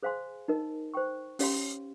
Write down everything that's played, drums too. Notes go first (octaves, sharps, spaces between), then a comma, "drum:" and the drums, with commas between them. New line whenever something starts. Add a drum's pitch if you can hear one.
G#4 C5 F5 G#5 C6
D#4 A#4 D#5
C5 G5 C#6
C#4 G4 C#5 F5 C6, drum: open hi-hat